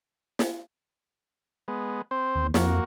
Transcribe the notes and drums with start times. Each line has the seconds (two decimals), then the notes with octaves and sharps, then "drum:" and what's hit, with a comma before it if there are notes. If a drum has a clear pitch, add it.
0.39 drum: snare
1.68 G#3 B3
2.11 C4 C5
2.35 D#2
2.54 F2 A#3 F#4, drum: snare